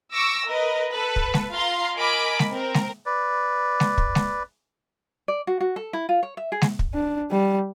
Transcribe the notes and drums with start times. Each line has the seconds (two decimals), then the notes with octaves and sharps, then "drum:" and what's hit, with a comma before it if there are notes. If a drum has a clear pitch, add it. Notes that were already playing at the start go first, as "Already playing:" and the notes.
0.12 C#6 D6 E6 A#6
0.46 A#4 B4 D#5
0.92 A4 B4
1.16 drum: kick
1.34 drum: snare G#3
1.52 F4 F5 A#5 C6
1.96 A#4 D#5 G#5 B5 D6
2.39 drum: snare G#3
2.50 C4 A#4
2.74 drum: snare G#3
3.06 B4 D5
3.80 drum: snare G#3
3.98 drum: kick
4.15 drum: snare G#3
5.28 D5
5.47 F#4
5.60 F#4
5.76 A4
5.93 E4
6.09 F4
6.23 C#5
6.37 E5
6.52 G#4
6.62 drum: snare G#3
6.79 drum: kick
6.94 D4
7.31 G3